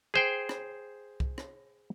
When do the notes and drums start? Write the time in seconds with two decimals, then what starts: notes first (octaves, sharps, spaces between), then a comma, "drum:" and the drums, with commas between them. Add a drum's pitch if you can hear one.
0.14 G#4 C5 G5
0.49 drum: rim click
1.20 drum: kick C2
1.38 drum: rim click